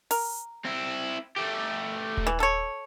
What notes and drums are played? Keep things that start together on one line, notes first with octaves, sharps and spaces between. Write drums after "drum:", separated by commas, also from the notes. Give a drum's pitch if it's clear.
A#4, drum: open hi-hat
C4 E4
A3 G4
drum: kick D#1
E3
A4 C#5